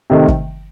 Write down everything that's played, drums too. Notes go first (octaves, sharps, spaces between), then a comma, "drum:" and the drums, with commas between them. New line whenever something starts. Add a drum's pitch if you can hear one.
C3 D#3 A3
drum: kick